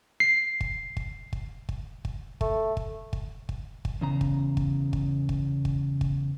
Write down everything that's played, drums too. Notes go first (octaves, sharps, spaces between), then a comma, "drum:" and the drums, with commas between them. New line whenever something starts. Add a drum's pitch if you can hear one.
C7
drum: kick
drum: kick
drum: kick
drum: kick
drum: kick
A3, drum: kick
drum: kick
drum: kick
drum: kick
drum: kick
E2 C#3 A#5
drum: kick
drum: kick
drum: kick
drum: kick
drum: kick
drum: kick